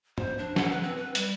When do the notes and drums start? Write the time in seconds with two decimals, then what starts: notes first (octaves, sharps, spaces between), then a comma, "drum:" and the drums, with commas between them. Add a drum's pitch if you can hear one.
0.18 C5, drum: tom
0.38 D4
0.56 F#5, drum: snare
0.71 B4
0.83 C4
0.97 B4
1.15 G3, drum: hi-hat